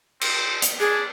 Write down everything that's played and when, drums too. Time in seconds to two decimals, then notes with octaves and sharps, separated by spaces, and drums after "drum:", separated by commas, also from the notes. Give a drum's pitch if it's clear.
0.21 C4, drum: cymbal
0.62 drum: hi-hat
0.80 D4 G#4